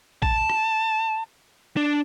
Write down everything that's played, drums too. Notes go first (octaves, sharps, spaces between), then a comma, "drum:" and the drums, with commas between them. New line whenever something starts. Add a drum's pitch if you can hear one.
A5, drum: kick A1
drum: rim click
D4